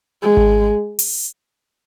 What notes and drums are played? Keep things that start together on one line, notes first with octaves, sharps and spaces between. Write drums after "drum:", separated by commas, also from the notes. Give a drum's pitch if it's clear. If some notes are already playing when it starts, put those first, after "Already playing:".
G#3
drum: kick G#1
drum: open hi-hat